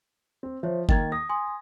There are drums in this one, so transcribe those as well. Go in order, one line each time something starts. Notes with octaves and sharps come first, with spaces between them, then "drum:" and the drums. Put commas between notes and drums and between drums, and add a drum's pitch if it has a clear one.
C4
F3 C5 C#5 E5
D#3 A#3 G5 G#6 A6, drum: kick G1
D#6 A#6
G#5 C6 D#6